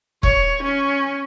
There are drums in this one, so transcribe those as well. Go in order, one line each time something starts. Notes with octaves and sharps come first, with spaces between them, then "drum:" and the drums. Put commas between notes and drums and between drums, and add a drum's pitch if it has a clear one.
C#5, drum: kick E1
C#4